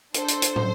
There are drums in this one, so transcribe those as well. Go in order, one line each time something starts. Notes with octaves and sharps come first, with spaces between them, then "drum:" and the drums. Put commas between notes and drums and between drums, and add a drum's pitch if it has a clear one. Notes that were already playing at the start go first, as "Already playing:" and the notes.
D4 A4 C5, drum: hi-hat
drum: hi-hat
drum: hi-hat
drum: tom